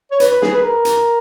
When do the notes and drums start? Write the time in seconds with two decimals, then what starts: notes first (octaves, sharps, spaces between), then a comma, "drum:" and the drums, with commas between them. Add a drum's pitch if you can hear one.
0.12 C#5
0.20 B4, drum: hi-hat
0.31 B4
0.42 G#4, drum: snare
0.53 B4
0.63 A#4
0.85 drum: hi-hat